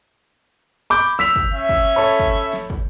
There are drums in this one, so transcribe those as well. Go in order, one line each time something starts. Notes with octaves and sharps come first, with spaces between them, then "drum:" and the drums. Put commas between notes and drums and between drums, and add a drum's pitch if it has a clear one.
B5 D6 G6
E6 B6 F7, drum: snare
drum: kick
C#4 E5
drum: kick
A4 C#5 B5
drum: kick
drum: snare
drum: kick